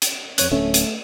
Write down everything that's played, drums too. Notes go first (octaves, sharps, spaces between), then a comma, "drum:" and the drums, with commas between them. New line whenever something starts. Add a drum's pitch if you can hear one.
drum: hi-hat
F2 C#5 F#6, drum: hi-hat
D1 A3 C#4
drum: hi-hat